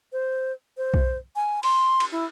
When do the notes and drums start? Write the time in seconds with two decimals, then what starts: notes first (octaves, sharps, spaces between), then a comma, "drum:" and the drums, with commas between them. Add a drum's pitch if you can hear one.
0.12 C5
0.77 C5
0.94 drum: kick B1
1.36 G#5
1.63 C6, drum: open hi-hat
2.00 drum: cymbal
2.12 E4